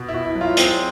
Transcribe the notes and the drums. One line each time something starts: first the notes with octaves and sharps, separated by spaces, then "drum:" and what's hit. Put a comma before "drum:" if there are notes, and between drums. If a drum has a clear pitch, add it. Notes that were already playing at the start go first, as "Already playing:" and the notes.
Already playing: B2
E4
B2
E4
F#3
F4
G#3 C4, drum: hi-hat